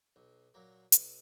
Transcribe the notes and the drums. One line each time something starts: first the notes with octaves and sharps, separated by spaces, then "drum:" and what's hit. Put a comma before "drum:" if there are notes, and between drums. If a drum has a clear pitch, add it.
B1
A#2 F#3 A#3
B1, drum: hi-hat